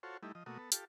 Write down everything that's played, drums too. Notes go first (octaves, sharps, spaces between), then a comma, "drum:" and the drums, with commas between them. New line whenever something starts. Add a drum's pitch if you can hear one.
F4 F#4 A4 C5 C#5
G3 A3 D#4 E4
F3 D#5
B2 A3 A#3 F#4 D#6
B3 A4
F4 G4 A4, drum: hi-hat